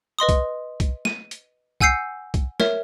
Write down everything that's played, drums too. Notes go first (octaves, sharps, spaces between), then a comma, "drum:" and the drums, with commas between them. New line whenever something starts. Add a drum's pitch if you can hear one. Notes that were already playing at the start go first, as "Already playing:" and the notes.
B4 D#5 C6 D#6
drum: kick, hi-hat
drum: kick, hi-hat
D#7, drum: snare
drum: hi-hat
F#5 G#5 E6 G6 C7 C#7, drum: kick
drum: kick, hi-hat
A#4 C#5 E5, drum: snare